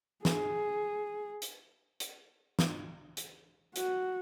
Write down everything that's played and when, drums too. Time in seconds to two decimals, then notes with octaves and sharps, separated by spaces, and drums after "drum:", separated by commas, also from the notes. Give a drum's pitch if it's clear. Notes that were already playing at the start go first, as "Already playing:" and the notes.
0.25 G#4, drum: snare
1.42 drum: hi-hat
2.00 drum: hi-hat
2.59 drum: snare
3.17 drum: hi-hat
3.76 F#4, drum: hi-hat